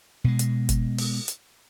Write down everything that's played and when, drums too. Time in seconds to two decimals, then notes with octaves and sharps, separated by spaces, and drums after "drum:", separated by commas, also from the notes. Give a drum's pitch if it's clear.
0.24 B2 G#3
0.39 drum: hi-hat
0.69 drum: kick, hi-hat
0.98 drum: open hi-hat
1.28 drum: hi-hat